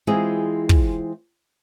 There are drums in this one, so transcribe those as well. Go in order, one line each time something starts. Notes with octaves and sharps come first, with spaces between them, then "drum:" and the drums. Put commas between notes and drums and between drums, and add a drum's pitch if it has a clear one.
E3 G#3 C4 E4 F4 G#4
drum: kick